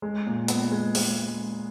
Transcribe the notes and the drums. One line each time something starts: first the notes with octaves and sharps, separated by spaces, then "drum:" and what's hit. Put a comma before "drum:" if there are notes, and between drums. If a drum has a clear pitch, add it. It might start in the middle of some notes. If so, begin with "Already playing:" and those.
G#3
A#2
B3, drum: hi-hat
G#3
G#3, drum: open hi-hat